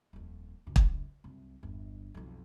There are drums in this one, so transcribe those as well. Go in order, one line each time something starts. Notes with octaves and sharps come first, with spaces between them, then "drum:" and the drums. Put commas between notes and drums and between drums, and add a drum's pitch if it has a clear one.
D#1 F2
C#2 F#2
drum: kick
C2 F#2
G1 E2
B1 F2